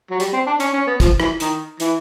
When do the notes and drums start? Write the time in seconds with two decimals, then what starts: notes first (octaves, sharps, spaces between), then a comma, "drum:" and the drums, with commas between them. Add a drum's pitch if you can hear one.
0.11 F#3
0.20 G3, drum: hi-hat
0.33 C4
0.47 D4
0.60 C#4, drum: hi-hat
0.74 C#4
0.87 B3
1.00 F3, drum: kick, hi-hat
1.20 E3, drum: rim click
1.40 D#3, drum: hi-hat
1.80 E3, drum: hi-hat